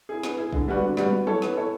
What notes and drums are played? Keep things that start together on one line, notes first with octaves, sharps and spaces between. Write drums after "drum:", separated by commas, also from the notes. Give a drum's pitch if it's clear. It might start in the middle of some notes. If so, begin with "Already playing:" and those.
E4 G#4
B3, drum: snare
E4 G#4
D3, drum: kick
G3 B3 D4 F#4
D3
G3 B3 D4 F#4, drum: snare
B3
E4 A4 C#5, drum: tom
B3, drum: snare
E4 A4 C#5